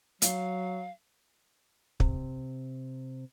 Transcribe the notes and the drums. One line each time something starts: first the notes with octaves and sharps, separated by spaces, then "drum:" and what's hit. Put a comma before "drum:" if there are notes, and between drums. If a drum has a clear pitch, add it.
F#3 F5, drum: hi-hat
C3, drum: kick